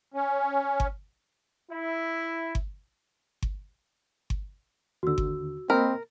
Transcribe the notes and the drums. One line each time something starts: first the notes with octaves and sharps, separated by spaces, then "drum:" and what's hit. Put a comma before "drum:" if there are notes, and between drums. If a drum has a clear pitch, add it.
C#4
drum: kick G1
E4
drum: kick G1
drum: kick G1
drum: kick G1
D#2 D3 F#4 E6
drum: kick G1
A#3 C4 A#4 D#5 B5